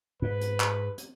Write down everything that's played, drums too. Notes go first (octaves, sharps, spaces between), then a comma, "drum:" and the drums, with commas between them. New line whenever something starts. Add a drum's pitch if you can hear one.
G#2 B4
drum: hi-hat
drum: clap
drum: hi-hat